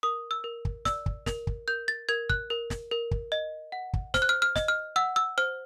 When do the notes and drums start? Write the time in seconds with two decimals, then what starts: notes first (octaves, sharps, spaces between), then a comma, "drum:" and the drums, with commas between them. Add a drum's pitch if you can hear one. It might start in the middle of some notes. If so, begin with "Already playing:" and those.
0.03 A#4 D#6
0.31 E6
0.44 A#4
0.65 drum: kick
0.85 D5 E6, drum: snare
1.06 drum: kick
1.26 A#4, drum: snare
1.47 drum: kick
1.68 A#4 G6
1.88 A6
2.09 A#4 G#6
2.30 F#6, drum: kick
2.50 A#4
2.70 drum: snare
2.91 A#4
3.11 drum: kick
3.32 D#5
3.72 F#5
3.93 drum: kick
4.14 C5 F6, drum: snare
4.22 F#6
4.29 F6
4.42 F6
4.56 D#5, drum: snare
4.68 F6
4.96 F#5 E6
5.16 E6
5.38 C5 F6